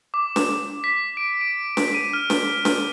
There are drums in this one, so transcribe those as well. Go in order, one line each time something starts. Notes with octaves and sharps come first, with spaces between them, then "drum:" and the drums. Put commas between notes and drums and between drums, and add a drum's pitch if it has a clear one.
D6
drum: snare
B6
D7
D7
drum: snare
D#7
F6
drum: snare
drum: snare